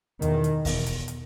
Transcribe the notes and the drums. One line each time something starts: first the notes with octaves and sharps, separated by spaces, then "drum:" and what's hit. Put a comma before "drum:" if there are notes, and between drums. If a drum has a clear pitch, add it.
E2 B2 D#3, drum: hi-hat
drum: hi-hat
E2 B2, drum: kick, open hi-hat
drum: hi-hat
drum: hi-hat